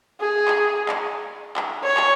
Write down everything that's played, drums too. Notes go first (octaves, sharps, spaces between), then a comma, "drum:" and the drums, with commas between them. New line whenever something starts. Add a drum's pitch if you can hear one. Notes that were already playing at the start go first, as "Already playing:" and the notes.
G#4
drum: clap
drum: clap
drum: clap
C#5
drum: clap